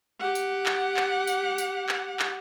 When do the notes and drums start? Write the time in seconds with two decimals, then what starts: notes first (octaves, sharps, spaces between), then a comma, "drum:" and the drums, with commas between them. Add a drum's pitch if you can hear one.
0.20 G4 F#5
0.35 drum: tambourine
0.66 drum: clap
0.97 drum: clap
1.27 drum: tambourine
1.58 drum: tambourine
1.89 drum: clap
2.20 drum: clap